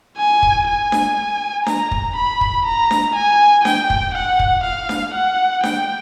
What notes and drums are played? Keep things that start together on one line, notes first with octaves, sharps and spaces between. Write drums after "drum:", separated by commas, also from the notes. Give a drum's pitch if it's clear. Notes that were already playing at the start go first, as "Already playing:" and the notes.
G#5
drum: kick
G#5
drum: snare D4
A#5, drum: snare D4
drum: kick
B5
drum: kick
A#5
drum: snare D4
G#5
G5, drum: snare D4
drum: kick
F#5
drum: kick
F5
drum: snare D4
F#5
G5, drum: snare D4